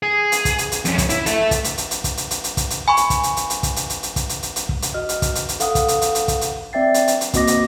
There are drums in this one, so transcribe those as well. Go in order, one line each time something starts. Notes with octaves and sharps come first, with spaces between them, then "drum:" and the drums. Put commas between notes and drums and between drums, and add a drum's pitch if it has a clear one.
G#4
drum: hi-hat
drum: kick, hi-hat
drum: hi-hat
drum: hi-hat
F2 C#4, drum: hi-hat
drum: kick, hi-hat
E4, drum: hi-hat
A4 E5, drum: hi-hat
drum: kick, hi-hat
drum: hi-hat
drum: hi-hat
drum: hi-hat
drum: kick, hi-hat
drum: hi-hat
drum: hi-hat
drum: hi-hat
drum: kick, hi-hat
drum: hi-hat
G#5 B5 C#6
drum: hi-hat
drum: kick, hi-hat
drum: hi-hat
drum: hi-hat
drum: hi-hat
drum: kick, hi-hat
drum: hi-hat
drum: hi-hat
drum: hi-hat
drum: kick, hi-hat
drum: hi-hat
drum: hi-hat
drum: hi-hat
drum: kick
drum: hi-hat
F#4 D#5 F6
drum: hi-hat
drum: kick, hi-hat
drum: hi-hat
drum: hi-hat
A4 F5 F#5 D#6, drum: hi-hat
drum: kick, hi-hat
drum: hi-hat
drum: hi-hat
drum: hi-hat
drum: kick, hi-hat
drum: hi-hat
C4 D5 E5 G5 A6 C7
drum: hi-hat
drum: hi-hat
drum: hi-hat
A#3 C4 F#4 D#5 D6 A#6, drum: kick, hi-hat
drum: hi-hat